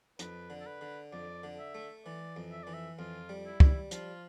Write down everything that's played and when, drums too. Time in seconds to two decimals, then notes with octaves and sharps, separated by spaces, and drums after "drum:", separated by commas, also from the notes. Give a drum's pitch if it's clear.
0.19 F2 B4, drum: hi-hat
0.50 D3
0.60 A4
0.66 B4
0.81 D3
1.12 F2 D5
1.44 D3
1.59 E5
1.75 A3
2.05 E3 D5
2.36 F2
2.52 E5
2.63 E3 D5
2.73 E5
2.99 F2 F4
3.29 G3
3.45 E4
3.60 G3, drum: kick
3.91 F3 F4, drum: hi-hat